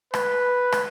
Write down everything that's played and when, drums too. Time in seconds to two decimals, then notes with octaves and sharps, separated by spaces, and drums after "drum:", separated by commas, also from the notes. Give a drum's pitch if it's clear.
0.14 B4, drum: rim click
0.72 drum: rim click